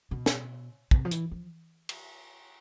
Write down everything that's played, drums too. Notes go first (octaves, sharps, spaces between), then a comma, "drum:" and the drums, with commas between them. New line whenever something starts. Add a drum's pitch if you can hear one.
B2
drum: snare
C3, drum: kick
F3
E3, drum: hi-hat
F3
drum: cymbal